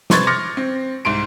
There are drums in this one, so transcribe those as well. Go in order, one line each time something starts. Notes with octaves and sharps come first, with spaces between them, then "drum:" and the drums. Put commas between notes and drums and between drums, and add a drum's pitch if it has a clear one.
C3 B4 C6 C#6 G#6 A6, drum: snare
C6 D6 F6 A#6 C#7
C4
C2 G#2 C6 D7